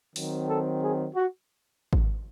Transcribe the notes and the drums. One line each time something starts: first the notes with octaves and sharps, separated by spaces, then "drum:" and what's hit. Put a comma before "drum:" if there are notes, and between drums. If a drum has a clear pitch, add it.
D#3 F#3 C4, drum: open hi-hat
A4
G#4
F#4
drum: kick G#1